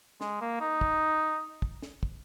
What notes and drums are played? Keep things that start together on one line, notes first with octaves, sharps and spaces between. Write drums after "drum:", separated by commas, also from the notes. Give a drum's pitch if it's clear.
G#3, drum: snare
A#3
D#4
drum: kick
drum: kick
drum: snare
drum: kick